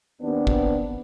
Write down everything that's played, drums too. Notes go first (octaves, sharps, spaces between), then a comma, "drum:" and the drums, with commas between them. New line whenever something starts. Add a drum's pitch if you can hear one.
D#2 B3 C4 D4
drum: kick